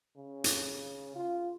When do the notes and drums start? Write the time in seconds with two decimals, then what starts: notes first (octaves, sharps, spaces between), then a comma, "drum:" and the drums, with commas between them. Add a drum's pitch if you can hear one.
0.17 C#3
0.44 drum: hi-hat
1.16 F4